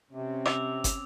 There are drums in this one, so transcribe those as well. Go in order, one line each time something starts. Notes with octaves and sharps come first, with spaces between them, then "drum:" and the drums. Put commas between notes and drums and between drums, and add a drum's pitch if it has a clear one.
C3 C4 C#4
D6 E6 F7, drum: rim click
drum: kick, hi-hat